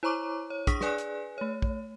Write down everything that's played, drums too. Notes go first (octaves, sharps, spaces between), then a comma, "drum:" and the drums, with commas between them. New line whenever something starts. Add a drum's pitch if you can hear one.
E4 C5 C#5 A#5 C#6 D6
C#5
D4 G#4 C#6 D#6 B6, drum: kick, hi-hat
G#4 B4 D5 G#5 F#6, drum: snare
drum: hi-hat
A3 C#5
drum: kick